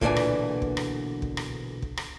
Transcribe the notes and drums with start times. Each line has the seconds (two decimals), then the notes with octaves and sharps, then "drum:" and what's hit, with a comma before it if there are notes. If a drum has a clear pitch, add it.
0.01 B1 A#2 D3 E3 D5 G#5, drum: kick
0.16 drum: rim click
0.62 drum: kick
0.77 drum: rim click
1.22 drum: kick
1.37 drum: rim click
1.82 drum: kick
1.97 drum: rim click